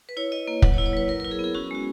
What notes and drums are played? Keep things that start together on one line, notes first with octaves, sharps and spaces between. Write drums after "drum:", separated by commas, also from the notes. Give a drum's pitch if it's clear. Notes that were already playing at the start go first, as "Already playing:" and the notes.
B4
E4 C#5
E4 D#5
A#3
F#3 F#5, drum: kick
C#5
E4
C#5
F#3 B4
E4 A#4
A#4
E4
G#4
B3
G#4
C#4 F#4
G#3 F#4